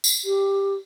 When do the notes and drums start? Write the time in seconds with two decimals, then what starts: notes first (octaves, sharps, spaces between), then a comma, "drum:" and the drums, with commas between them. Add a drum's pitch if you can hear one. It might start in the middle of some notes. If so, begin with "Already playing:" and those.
0.04 drum: tambourine
0.25 G4